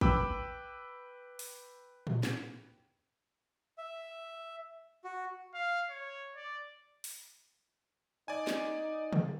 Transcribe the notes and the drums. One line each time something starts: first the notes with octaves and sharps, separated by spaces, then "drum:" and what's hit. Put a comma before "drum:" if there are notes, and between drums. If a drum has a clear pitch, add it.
B4 G5 B5 D6 E6, drum: kick
drum: open hi-hat
drum: tom A2
drum: snare
E5
F#4
F5
C#5
D5
drum: open hi-hat
D#4 D5 G#5
drum: snare
drum: tom C3